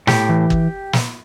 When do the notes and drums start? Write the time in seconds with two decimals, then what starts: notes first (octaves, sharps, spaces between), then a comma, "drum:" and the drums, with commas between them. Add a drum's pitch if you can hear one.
0.07 A2 G4, drum: snare
0.29 E3
0.50 drum: kick
0.93 drum: snare